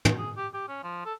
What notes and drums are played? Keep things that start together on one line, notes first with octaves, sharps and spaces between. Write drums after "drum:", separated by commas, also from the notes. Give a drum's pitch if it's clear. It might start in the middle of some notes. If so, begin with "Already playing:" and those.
drum: tom
G#4
G4
G4
C#4
F3
A4